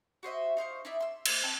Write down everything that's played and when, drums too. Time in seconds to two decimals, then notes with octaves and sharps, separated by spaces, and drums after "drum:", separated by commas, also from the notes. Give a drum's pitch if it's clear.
0.23 F#4 C5 D#5 E5
0.57 D#4 C5 F5 C#6
0.85 D#4 E4 D5 E5
1.00 C6 E6
1.26 A#3 C4 C5, drum: cymbal
1.44 C4 D#4 G5 A5